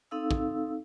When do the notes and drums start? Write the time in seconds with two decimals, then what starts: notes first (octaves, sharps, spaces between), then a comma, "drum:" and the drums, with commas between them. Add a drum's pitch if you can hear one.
0.11 C4 D#4 A4 F5 E6
0.31 drum: kick